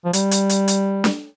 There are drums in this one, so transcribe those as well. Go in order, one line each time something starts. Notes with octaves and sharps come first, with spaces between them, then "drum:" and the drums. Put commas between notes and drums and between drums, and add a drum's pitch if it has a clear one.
F3
G3, drum: hi-hat
drum: hi-hat
drum: hi-hat
drum: hi-hat
drum: snare D4